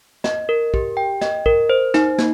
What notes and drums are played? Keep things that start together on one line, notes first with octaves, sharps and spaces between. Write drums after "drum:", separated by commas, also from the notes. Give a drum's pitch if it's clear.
D#5, drum: snare
A#4
G4, drum: kick
G5
D#5, drum: snare
A#4, drum: kick
C5
D#4, drum: snare
A#3, drum: snare